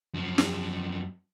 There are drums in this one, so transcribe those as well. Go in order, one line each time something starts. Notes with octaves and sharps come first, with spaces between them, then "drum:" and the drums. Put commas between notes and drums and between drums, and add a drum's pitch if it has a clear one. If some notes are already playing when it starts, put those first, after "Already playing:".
F#2 F3
drum: snare